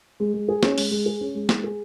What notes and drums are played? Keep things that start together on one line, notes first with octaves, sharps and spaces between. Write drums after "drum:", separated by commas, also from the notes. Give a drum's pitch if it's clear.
G#3
G#3
G#4
C#4, drum: snare
G#3, drum: open hi-hat
G#3
G#4
C#4
G#3
G#3, drum: snare
G#4